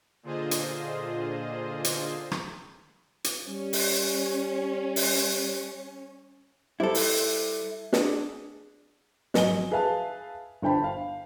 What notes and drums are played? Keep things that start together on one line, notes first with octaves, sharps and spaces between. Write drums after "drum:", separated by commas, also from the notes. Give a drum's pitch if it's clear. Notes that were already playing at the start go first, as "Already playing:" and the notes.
A#2 D3 F4 G#4 C5 D#5
drum: hi-hat
drum: hi-hat
drum: rim click
drum: hi-hat
G3 C#4
drum: open hi-hat
drum: open hi-hat
G3 E4 A4 C5
drum: open hi-hat
D4 G#4, drum: snare
G#1 F#3 D#5 G#5 G7, drum: snare
G#4 B4 E5 F5 G#5 A5
G1 D3 C5 G5 A5 B5
F5